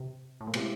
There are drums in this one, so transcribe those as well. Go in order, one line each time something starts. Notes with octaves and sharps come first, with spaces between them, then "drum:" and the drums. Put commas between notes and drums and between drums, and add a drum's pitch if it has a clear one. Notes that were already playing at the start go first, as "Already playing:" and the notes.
Already playing: C3
A2
A#2
B2 G#3 C4 E4 G4, drum: cymbal